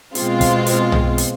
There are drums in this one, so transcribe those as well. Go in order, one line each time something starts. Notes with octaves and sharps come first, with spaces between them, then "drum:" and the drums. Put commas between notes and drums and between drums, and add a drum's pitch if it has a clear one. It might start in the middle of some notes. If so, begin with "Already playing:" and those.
B2 G#3 C4 F4, drum: hi-hat
drum: kick, hi-hat
drum: hi-hat
drum: tom
drum: hi-hat